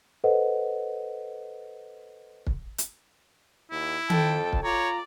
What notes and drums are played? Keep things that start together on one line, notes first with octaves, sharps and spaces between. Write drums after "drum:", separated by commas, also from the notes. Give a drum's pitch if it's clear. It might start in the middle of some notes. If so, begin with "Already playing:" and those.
A4 B4 C5 D#5 F#5
drum: kick
drum: hi-hat
D#2 E4
F2 A4 G5 A5, drum: tom D#3
drum: kick
F4 C#5 D5 A#5